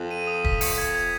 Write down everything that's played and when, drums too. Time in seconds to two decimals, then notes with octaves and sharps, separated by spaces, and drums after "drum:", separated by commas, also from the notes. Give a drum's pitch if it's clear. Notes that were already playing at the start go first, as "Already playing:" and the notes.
Already playing: F2
0.11 D#7
0.27 D#6
0.44 B6, drum: kick
0.61 C#7, drum: open hi-hat
0.78 G#6
0.95 G#6